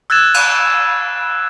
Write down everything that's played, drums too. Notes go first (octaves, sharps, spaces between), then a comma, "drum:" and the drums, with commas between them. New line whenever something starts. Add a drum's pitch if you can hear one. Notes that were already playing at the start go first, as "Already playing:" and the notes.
E6 F#6 G#6 A6 E7
drum: cymbal